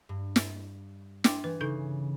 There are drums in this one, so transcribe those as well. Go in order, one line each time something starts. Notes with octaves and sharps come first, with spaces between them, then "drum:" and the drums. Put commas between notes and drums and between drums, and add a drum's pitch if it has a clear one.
G2
drum: snare
D4 G5 D6, drum: snare
E3 B4
C#3 D#4 A4 G6